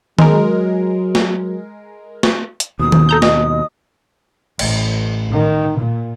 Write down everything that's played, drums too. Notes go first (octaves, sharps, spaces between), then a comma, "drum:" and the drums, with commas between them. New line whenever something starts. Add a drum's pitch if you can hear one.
F#3 G#3 A#4, drum: tom D#3
drum: snare
drum: snare
drum: hi-hat
D#2 B2 D#6
drum: tom D#3
A4 A#5 G6
D#5, drum: snare
A1, drum: cymbal
D#3
A#2